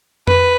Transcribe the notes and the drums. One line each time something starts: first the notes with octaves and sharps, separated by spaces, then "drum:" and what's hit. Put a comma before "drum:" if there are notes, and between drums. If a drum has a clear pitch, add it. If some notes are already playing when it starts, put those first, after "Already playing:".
B4, drum: tom F2